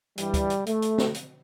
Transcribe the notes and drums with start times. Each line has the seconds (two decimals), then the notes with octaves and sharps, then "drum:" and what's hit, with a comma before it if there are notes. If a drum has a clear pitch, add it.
0.18 G2 E3 G3, drum: hi-hat
0.34 drum: kick, hi-hat
0.50 drum: hi-hat
0.66 A3, drum: hi-hat
0.82 drum: hi-hat
0.98 drum: snare
1.14 drum: hi-hat